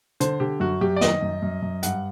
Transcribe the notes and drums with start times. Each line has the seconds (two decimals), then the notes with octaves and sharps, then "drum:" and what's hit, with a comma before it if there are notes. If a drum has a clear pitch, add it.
0.20 D3 C5, drum: hi-hat
0.40 D3 G4
0.60 F#2 F#4
0.81 F#2 G4
0.96 D5
1.01 D#3 D#5, drum: snare
1.22 F#2
1.42 F#2
1.62 F#2
1.83 G2 F#5, drum: hi-hat